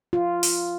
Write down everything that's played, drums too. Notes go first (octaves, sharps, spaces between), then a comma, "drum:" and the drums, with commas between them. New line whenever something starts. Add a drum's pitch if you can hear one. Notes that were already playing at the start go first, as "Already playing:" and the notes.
F4
drum: open hi-hat